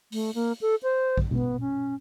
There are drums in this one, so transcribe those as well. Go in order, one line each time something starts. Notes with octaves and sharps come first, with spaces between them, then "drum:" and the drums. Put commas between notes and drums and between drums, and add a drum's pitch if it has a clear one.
A3, drum: open hi-hat
A#3
A4
C5
drum: kick A1
B3, drum: tom B2
C#4